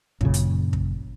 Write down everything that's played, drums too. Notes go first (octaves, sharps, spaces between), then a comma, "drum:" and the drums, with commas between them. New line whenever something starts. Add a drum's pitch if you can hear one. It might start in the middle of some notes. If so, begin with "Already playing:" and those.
F#2 A#2 C#3, drum: kick
drum: hi-hat
drum: kick